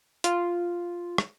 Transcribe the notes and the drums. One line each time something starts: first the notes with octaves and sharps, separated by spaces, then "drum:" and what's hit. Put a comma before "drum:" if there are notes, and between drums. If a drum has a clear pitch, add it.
F4, drum: hi-hat
drum: rim click